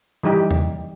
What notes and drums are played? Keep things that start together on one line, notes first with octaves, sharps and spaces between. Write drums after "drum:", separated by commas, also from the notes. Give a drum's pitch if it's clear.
E3 G3 D#4 G4
drum: tom E2